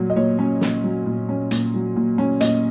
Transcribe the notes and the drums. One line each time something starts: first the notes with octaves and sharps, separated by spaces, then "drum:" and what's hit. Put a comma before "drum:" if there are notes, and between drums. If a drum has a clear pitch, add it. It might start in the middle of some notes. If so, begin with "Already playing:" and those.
Already playing: A#2 F#3
D#5
A#2 C#5
C#4
A#2, drum: snare
F#3
A#2
C#4
A#2, drum: hi-hat
F#3
A#2
C#4
A#2 D#5, drum: hi-hat